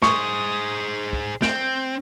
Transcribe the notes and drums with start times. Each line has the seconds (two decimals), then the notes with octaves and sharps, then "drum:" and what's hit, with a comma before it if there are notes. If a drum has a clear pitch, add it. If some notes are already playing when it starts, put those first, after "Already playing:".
0.02 G#4 C5 C#6 D#6, drum: snare
1.13 drum: kick
1.42 C4 G6 D7, drum: snare